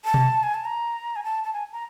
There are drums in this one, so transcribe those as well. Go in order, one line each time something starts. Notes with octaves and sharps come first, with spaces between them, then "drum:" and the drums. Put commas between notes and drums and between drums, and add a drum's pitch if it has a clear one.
A5
drum: tom B2
G#5
A5
A#5
G#5
A5
A5
G#5
A#5